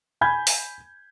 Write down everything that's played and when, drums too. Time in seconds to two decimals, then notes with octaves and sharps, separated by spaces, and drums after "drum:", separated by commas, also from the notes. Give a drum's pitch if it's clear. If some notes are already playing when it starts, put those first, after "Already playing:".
0.21 G#5 B5 G6 G#6
0.47 drum: open hi-hat